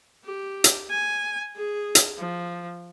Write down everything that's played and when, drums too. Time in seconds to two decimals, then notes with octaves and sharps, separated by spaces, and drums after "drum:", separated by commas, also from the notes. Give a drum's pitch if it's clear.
0.24 G4
0.64 drum: hi-hat
0.90 G#5
1.56 G#4
1.95 drum: hi-hat
2.18 F3